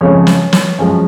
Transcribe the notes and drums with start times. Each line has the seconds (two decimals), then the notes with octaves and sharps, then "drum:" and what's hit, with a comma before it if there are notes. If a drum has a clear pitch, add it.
0.01 F2 C#3 F3 G#3 C#5
0.27 drum: snare
0.53 drum: snare
0.79 F#2 F3 G#3